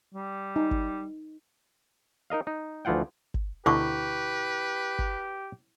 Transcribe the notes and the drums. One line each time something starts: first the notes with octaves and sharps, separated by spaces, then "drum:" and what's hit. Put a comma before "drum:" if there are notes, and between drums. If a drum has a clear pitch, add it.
G3
D#4
drum: kick G1
D#4 A#4 D#5 F5
D#4
D2 E3 F3 F4 F#5 G5
drum: kick G1
D2 B2 D3 E4 G4 B4 C#6
drum: kick G1